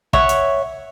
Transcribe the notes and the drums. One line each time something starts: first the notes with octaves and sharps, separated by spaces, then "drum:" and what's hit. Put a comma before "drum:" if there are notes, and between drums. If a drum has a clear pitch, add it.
C#5 E5 F#5, drum: kick
drum: hi-hat